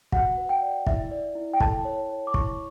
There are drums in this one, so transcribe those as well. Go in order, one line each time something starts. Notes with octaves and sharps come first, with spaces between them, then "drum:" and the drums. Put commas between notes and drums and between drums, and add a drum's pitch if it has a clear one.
F#4 F#5, drum: kick
B4
G5
D5
E4 E5, drum: kick
D5
E4
G5
A4 A5, drum: kick
C#5
C#5
D6
E4 C#6, drum: kick